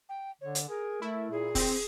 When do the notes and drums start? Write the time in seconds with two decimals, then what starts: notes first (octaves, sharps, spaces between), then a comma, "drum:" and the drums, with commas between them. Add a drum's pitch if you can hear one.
0.09 G5
0.41 D3 C#5
0.55 drum: hi-hat
0.69 G#4 A#4
1.02 A3 E4
1.31 A#2 G#4
1.55 C4, drum: kick, open hi-hat